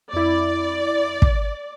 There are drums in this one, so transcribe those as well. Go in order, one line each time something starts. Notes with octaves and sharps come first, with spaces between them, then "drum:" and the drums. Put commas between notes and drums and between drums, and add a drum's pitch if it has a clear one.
F2 E4 D5
drum: kick